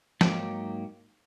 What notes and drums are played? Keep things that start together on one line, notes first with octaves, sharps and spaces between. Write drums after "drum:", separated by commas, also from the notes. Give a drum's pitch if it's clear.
G#2 F#3 A#3 D#4 G4, drum: snare